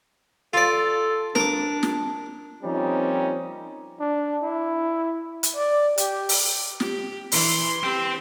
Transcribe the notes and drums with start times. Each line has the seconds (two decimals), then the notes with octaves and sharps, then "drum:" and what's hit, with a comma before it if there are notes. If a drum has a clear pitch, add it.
0.53 F4 A4 D5
1.35 D4 A#4 D6, drum: snare
1.83 drum: snare
2.63 F3 G3 A#3 C4 C#4 D#4
4.00 D4
4.43 E4
5.43 drum: hi-hat
5.56 D5
5.98 G4, drum: hi-hat
6.29 drum: open hi-hat
6.80 G4, drum: snare
7.32 E3 C6, drum: open hi-hat
7.84 C4 G4